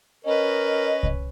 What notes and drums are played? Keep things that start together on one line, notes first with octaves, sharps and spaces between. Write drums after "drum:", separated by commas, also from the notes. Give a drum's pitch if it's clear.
C#4 A#4 B4 D#5
drum: kick C2